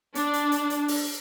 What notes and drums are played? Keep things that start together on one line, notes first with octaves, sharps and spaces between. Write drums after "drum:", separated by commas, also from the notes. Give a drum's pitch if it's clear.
D4, drum: hi-hat
drum: hi-hat
drum: hi-hat
drum: hi-hat
drum: open hi-hat